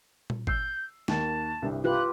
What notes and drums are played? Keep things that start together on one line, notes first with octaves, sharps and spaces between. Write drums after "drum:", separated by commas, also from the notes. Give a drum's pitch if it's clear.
drum: tom A#2
E6 G6 C7, drum: kick
D#2 A#3 A5, drum: snare
C2 G2 C3
F4 G4 B4 F#6